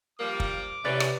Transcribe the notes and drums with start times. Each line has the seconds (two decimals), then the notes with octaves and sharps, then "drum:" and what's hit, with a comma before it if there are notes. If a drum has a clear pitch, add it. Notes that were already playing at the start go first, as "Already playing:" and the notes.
0.20 F3 G3 A#3 D6
0.40 drum: kick
0.85 G#2 C3 E3 C#4 B4 D5
1.00 drum: rim click